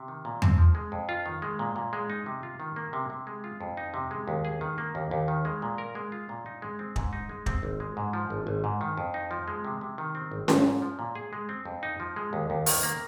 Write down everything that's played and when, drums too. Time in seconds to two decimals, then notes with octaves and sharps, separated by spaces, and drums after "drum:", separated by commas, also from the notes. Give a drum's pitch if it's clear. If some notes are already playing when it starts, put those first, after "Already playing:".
Already playing: C3
0.08 D#3
0.25 A#2
0.42 C4, drum: tom E2
0.58 F3
0.75 G#3
0.92 F2
1.09 F4
1.26 D#3
1.42 G#3
1.59 A#2
1.76 A#2
1.93 G#3
2.10 D#4
2.26 C3
2.43 F4
2.60 D#3
2.76 A#3
2.93 C3
3.10 C3
3.27 G#3
3.44 F4
3.61 F2
3.77 D#4
3.94 C3
4.11 G#3
4.28 D#2
4.45 G#4
4.61 D#3
4.78 A#3
4.95 D#2
5.11 D#2
5.28 D#3
5.45 G#3
5.62 A#2
5.78 A#4
5.95 G#3
6.12 F4
6.29 A#2
6.46 D#4
6.62 G#3
6.79 C4
6.96 G#2, drum: kick
7.13 D#4
7.29 G#3
7.46 C4, drum: kick
7.63 G#1
7.80 G#3
7.97 G#2
8.13 F3
8.30 G#1
8.47 G#1
8.64 G#2
8.81 D#3
8.97 F2
9.14 D#4
9.31 F3
9.48 G#3
9.65 C3
9.81 C3
9.98 D#3
10.15 C4
10.32 G#1
10.48 G#1, drum: snare C#4
10.65 G#2
10.82 F3
10.99 A#2
11.15 G#4
11.33 G#3
11.49 C4
11.65 F2
11.83 D#4
12.00 F3
12.16 G#3
12.33 D#2
12.50 D#2
12.66 D#3, drum: open hi-hat
12.83 A#3